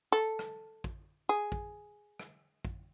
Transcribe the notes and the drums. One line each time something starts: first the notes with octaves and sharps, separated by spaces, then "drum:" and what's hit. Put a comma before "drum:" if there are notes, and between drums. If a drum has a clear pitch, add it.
A4
drum: rim click
drum: kick
G#4
drum: kick
drum: rim click
drum: kick